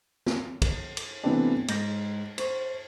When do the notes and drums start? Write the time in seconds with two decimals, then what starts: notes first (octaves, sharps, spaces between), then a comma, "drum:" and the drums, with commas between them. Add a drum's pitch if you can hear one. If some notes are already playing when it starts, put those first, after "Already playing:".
0.26 drum: snare
0.62 drum: kick, cymbal
0.97 drum: cymbal
1.24 C3 E3 A3 B3 C4 D4
1.68 G#2 G6 A#6, drum: cymbal
2.38 C5 C#6, drum: cymbal